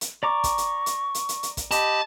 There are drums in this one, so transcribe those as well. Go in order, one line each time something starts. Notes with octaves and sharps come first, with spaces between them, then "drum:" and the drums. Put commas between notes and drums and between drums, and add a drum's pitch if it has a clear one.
drum: hi-hat
D5 A#5 C#6 D6
drum: kick, hi-hat
drum: hi-hat
drum: hi-hat
drum: hi-hat
drum: hi-hat
drum: hi-hat
drum: kick, hi-hat
G4 D#5 A5 B5, drum: hi-hat